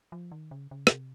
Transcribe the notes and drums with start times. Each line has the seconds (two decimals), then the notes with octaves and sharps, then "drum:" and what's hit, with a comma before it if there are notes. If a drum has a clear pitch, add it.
0.12 F3
0.32 D#3
0.51 C#3
0.71 C#3
0.87 A#2, drum: rim click
0.91 C3